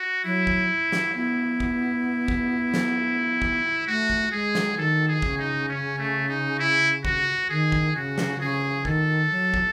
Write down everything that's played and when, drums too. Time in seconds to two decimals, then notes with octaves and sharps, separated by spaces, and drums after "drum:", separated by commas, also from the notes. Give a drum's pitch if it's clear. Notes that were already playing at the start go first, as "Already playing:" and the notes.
Already playing: F#4
0.24 F#3 E4
0.47 drum: kick
0.92 drum: snare
1.15 B3 E4
1.60 drum: kick
2.28 drum: kick
2.74 drum: snare
3.42 drum: kick
3.87 A3 F#4
4.10 drum: kick
4.32 G#3 G#4
4.55 drum: snare
4.77 D#3 A4
5.08 G#4
5.22 C#3, drum: kick
5.38 D#4
5.69 C#4
5.99 A3
6.29 D#4
6.59 E4
7.05 F#4, drum: kick
7.49 D#3 G#4
7.72 drum: kick
7.95 C#3 F#4
8.18 drum: snare
8.40 C#3 G#4
8.85 D#3 A4, drum: kick
9.31 F#3
9.54 drum: kick